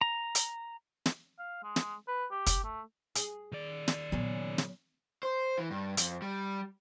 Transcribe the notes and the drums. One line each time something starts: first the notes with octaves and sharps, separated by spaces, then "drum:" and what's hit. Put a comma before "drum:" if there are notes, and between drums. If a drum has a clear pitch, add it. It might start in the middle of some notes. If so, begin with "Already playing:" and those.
A#5
drum: hi-hat
drum: snare
F5
G#3
drum: snare
B4
G4
drum: kick, hi-hat
A3
G#4, drum: hi-hat
D#3 D5
drum: snare
A#2 C#3 F#3 B3 C#4
drum: snare
C5
E3
G2
F2, drum: hi-hat
G3